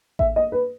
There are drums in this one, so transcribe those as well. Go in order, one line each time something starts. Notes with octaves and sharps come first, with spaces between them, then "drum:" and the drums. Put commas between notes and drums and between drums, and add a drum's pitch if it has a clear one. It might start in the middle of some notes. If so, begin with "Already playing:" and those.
E5, drum: kick A1
D#5
B4